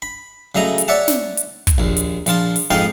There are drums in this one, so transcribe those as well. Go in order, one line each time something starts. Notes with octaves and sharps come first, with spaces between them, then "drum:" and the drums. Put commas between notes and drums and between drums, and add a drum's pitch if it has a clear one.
B5
C#3 F#3 A3 D#5 A#5
drum: hi-hat
C#5 D5 E5 F#5 A5
drum: snare
drum: hi-hat
drum: kick, hi-hat
A#1 D#2
drum: hi-hat
A#1 F3 F4 A5, drum: hi-hat
drum: open hi-hat
F2 G#2 D#4 F5 G5 A5